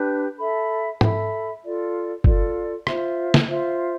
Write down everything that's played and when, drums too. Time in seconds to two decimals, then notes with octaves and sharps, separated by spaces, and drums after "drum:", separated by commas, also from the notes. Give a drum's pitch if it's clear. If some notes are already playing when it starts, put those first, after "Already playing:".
Already playing: D4 G4 B4
0.39 A4 E5 B5
1.01 A4 E5 B5, drum: tom
1.63 F4 A4 D5
2.24 F4 A4 D5, drum: kick F#1
2.87 F4 C5 E5, drum: rim click
3.34 drum: snare
3.48 F4 C5 E5